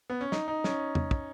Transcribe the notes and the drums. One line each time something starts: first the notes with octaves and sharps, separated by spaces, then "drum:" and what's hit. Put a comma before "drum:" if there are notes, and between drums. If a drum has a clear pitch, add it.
B3
C#4
D#4, drum: snare
D#4
C#4, drum: snare
drum: tom E2
drum: kick